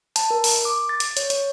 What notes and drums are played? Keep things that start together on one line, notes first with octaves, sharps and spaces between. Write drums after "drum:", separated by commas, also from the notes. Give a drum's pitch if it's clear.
A5, drum: hi-hat
A#4
drum: open hi-hat
D6
A6
drum: hi-hat
C#5, drum: hi-hat
C#5, drum: hi-hat